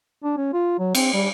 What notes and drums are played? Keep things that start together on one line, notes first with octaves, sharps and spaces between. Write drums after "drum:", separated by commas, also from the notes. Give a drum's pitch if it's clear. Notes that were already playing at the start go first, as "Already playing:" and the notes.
D4
C#4
F4
F#3
C4, drum: cymbal
G3